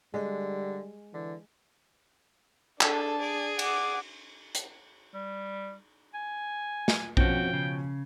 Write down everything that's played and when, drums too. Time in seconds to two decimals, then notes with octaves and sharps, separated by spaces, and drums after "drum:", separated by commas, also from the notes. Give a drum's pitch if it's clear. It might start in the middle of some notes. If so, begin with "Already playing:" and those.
0.14 D3 G3 G#3
1.14 D3 E3
2.81 D4 G#4 A4 A5, drum: clap
3.19 G#4 D5
3.59 F#5 D6, drum: cymbal
4.55 drum: hi-hat
5.14 G3
6.14 G#5
6.88 drum: snare
7.17 B2 F3 C4 C#4 F#4 G5, drum: kick A#1
7.53 C#3